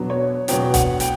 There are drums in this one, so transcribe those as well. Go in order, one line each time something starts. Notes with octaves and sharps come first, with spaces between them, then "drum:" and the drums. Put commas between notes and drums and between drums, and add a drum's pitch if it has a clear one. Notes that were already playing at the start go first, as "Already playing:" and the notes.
Already playing: E2 B2 F#3 B3 D4
C#5
E2 B2 F#3 B3 D4 G5, drum: hi-hat
F#5, drum: kick B1, hi-hat
G5, drum: hi-hat